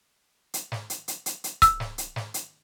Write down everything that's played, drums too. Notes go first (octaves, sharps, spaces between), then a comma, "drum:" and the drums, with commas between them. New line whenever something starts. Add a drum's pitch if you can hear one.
drum: hi-hat
drum: snare
drum: hi-hat
drum: hi-hat
drum: hi-hat
drum: hi-hat
E6, drum: kick C#1, hi-hat
drum: snare
drum: hi-hat
drum: snare
drum: hi-hat